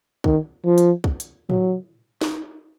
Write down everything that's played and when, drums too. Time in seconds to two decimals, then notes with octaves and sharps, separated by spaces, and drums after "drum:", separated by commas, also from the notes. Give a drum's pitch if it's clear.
0.24 D#3, drum: kick
0.65 F3
0.78 drum: hi-hat
1.04 drum: kick
1.20 drum: hi-hat
1.50 F#3, drum: tom A2
2.21 drum: snare